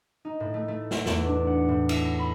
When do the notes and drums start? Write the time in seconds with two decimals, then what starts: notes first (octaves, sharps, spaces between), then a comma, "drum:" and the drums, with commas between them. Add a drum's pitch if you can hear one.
0.25 D#4
0.40 A2
0.54 A3
0.68 A3
0.91 F#5, drum: snare
1.06 E2, drum: snare
1.26 D4
1.47 F#5
1.69 A2
1.89 E4, drum: cymbal
2.19 B5